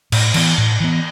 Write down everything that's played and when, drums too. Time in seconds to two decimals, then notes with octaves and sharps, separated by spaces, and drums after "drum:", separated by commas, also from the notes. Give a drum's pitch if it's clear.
0.12 A2, drum: cymbal
0.34 E3 B3, drum: cymbal
0.58 A2
0.80 E3 B3